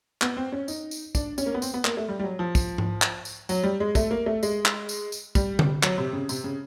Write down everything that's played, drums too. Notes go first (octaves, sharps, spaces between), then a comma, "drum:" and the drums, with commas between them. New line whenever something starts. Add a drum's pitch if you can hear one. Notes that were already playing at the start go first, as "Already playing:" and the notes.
B3, drum: clap
C4
C#4
D#4, drum: tambourine
drum: tambourine
D4, drum: kick, tambourine
C#4, drum: tambourine
A#3
B3
C4, drum: tambourine
B3
A#3, drum: clap
A3
G3
G3
F#3
F3
drum: kick, tambourine
drum: tom G#2
drum: clap
drum: tambourine
F#3, drum: tambourine
G3
G#3
A3, drum: kick, tambourine
A#3
A3
G#3, drum: tambourine
drum: clap
drum: tambourine
drum: tambourine
G3, drum: kick, tambourine
drum: tom D3
F#3, drum: clap
C3
C#3
C3, drum: tambourine
C#3